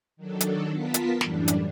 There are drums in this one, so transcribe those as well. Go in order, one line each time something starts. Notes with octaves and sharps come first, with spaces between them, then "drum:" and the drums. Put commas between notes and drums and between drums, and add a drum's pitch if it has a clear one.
D#3 F#3 D4 A4
drum: hi-hat
B3 F4 A#4 A5 B6
drum: hi-hat
F#2 A2 E3 G3 D4, drum: snare
drum: hi-hat